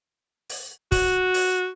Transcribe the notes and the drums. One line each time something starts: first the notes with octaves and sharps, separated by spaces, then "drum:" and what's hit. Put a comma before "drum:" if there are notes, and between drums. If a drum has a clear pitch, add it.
drum: open hi-hat
F#4, drum: kick, open hi-hat
drum: open hi-hat